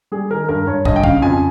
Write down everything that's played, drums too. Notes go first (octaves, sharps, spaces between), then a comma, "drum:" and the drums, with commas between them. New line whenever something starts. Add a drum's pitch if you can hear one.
G3 G#4
D#3 A#4
G2 A#4
G2 C#5
G2 D#5, drum: kick
G5
C#3 F5, drum: kick
F2 G#5